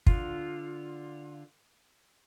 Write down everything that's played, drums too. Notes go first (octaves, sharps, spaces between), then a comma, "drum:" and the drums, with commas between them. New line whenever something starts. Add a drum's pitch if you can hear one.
D3 F4, drum: kick